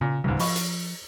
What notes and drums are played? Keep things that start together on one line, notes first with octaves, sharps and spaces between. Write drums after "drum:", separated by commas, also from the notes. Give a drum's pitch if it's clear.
A#2 C#3
D1 C#2 G#2 C#3 G3
F3 D#5 B5 C#6, drum: open hi-hat
drum: hi-hat